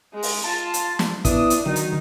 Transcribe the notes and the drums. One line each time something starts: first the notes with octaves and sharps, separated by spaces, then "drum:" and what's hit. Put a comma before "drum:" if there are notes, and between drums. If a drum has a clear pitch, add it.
G#3
drum: open hi-hat
F4 A5
drum: hi-hat
drum: snare
B3 D4 E4 D#6, drum: kick, hi-hat
drum: hi-hat
D3 D#3 F#3 D#4
drum: hi-hat